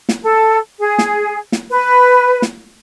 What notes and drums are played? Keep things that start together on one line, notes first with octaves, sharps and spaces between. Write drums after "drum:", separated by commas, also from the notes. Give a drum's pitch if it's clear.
drum: snare
A4
G#4
drum: snare
drum: snare
B4
drum: snare